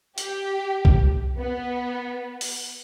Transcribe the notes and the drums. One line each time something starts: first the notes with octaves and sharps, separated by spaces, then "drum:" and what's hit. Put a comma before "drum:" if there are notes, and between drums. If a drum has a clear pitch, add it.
G4, drum: hi-hat
drum: kick B1
B3
drum: open hi-hat